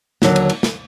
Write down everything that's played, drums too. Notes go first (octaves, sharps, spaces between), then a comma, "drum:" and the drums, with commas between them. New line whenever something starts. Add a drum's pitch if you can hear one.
D#2 D3 F#3, drum: snare
drum: cymbal
drum: cymbal
drum: snare